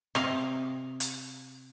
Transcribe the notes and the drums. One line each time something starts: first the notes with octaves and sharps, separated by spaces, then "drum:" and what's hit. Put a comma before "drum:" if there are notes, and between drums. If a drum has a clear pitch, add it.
C3 D#5 F5, drum: rim click
drum: hi-hat